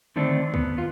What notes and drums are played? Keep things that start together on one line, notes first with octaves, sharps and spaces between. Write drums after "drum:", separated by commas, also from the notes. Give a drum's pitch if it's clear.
D3 D#3 A3 C4 D4
B3, drum: kick C#2
B3 F4